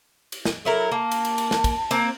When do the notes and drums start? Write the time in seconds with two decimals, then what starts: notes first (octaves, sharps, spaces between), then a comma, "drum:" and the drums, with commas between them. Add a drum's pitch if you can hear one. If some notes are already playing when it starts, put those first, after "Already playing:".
0.32 drum: cymbal
0.45 drum: snare
0.65 F#3 E4 A4 A#4
0.92 A#3 A5
1.11 drum: cymbal
1.25 drum: cymbal
1.38 drum: cymbal
1.51 drum: snare
1.64 drum: kick, cymbal
1.91 A#3 C4, drum: cymbal